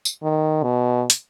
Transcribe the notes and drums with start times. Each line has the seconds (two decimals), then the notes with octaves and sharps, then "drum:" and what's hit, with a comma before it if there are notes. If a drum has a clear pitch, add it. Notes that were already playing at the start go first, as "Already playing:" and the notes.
0.05 drum: tambourine
0.23 D#3
0.63 B2
1.10 drum: hi-hat